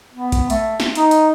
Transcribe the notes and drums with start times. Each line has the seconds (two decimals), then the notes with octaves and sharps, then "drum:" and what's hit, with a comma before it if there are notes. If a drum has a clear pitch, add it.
0.12 B3
0.32 drum: kick A#1, hi-hat
0.50 A3, drum: hi-hat
0.80 drum: snare
0.95 D#4, drum: hi-hat
1.11 drum: hi-hat